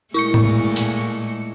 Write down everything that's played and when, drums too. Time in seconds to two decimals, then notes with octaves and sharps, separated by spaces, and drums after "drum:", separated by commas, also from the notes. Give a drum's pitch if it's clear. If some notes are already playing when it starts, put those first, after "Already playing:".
0.14 A#2 G#3 A3 E4 C#6 C#7, drum: tambourine
0.34 drum: tom A2
0.76 drum: open hi-hat